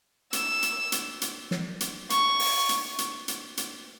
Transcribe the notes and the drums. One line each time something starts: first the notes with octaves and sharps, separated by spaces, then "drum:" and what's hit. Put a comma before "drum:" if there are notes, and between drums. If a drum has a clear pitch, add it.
E6, drum: hi-hat
drum: hi-hat
drum: hi-hat
drum: hi-hat
drum: snare
drum: hi-hat
C#6, drum: hi-hat
drum: open hi-hat
drum: hi-hat
drum: hi-hat
drum: hi-hat
drum: hi-hat